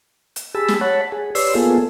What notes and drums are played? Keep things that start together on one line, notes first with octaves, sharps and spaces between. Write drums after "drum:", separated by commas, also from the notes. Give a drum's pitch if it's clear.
drum: hi-hat
G4 G#4 A5 B5 E6
drum: snare
C#5 F#5 A5 B5
G#4
G4 B4 C#5 D5 C6 E6, drum: open hi-hat
A#3 B3 F4 G#4 A4